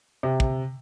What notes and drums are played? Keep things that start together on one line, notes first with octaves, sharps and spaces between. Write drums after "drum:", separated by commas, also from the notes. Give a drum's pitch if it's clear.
C3
drum: kick